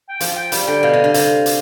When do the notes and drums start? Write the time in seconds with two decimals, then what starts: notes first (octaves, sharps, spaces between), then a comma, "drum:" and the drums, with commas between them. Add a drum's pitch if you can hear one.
0.09 G5
0.20 F3 F5, drum: hi-hat
0.36 G5
0.52 G3 F5, drum: hi-hat
0.67 D3 G5
0.83 B2 F5
0.93 C3
1.04 D3
1.14 C3 F5, drum: hi-hat
1.46 drum: hi-hat